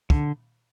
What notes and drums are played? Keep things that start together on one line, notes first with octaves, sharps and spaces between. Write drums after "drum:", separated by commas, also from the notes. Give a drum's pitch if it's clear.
D3, drum: kick